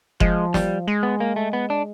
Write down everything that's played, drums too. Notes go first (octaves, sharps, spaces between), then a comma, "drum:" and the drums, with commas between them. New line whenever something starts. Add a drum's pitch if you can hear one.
F3 G#3, drum: kick F#1
G3, drum: snare
G#3
B3
A#3
A3
B3
D4